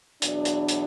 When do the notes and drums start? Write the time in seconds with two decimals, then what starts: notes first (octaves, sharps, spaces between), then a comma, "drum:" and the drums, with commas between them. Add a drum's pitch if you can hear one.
0.22 E2 B2 F#3 D4, drum: hi-hat
0.45 drum: hi-hat
0.68 drum: hi-hat